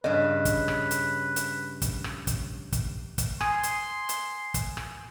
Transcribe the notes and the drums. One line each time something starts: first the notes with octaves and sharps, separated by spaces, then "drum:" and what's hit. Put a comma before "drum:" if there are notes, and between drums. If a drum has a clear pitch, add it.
G2 C#3 B4 D#5
drum: kick, hi-hat
drum: rim click
drum: hi-hat
drum: hi-hat
drum: kick, hi-hat
drum: rim click
drum: kick, hi-hat
drum: kick, hi-hat
drum: kick, hi-hat
G#5 C6 D#6, drum: rim click
drum: hi-hat
drum: hi-hat
drum: kick, hi-hat
drum: rim click